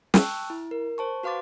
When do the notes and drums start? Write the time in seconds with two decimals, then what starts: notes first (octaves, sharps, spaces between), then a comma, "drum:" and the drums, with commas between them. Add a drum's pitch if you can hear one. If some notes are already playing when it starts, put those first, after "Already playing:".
0.14 G5 A5 C#6 E6 F#6, drum: snare
0.50 E4
0.71 A#4
0.98 C5 A5 C#6
1.23 F#4 B4 F5 C6 D6 A6